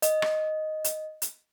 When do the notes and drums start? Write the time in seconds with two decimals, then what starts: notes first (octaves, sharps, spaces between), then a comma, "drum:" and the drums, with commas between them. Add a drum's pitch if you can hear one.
0.02 D#5, drum: hi-hat
0.22 drum: rim click
0.84 drum: hi-hat
1.22 drum: hi-hat